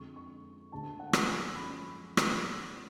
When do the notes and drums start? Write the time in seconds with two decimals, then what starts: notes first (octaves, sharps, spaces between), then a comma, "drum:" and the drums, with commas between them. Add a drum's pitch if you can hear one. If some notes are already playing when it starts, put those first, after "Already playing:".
Already playing: F2 D3 G#3 C#6
0.16 C#6
0.72 D2 D3 G#3 A5
0.99 F#5
1.13 drum: rim click
1.28 G#5
1.54 F#2 F3 G#3 B5
1.82 C#6
2.17 drum: rim click